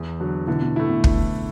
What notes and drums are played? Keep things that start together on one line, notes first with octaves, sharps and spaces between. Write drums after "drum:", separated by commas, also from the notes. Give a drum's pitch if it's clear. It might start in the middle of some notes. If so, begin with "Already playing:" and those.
Already playing: E2
D3 F#3
B2 D3 E3
B2
A2 A3 E4
B2
drum: kick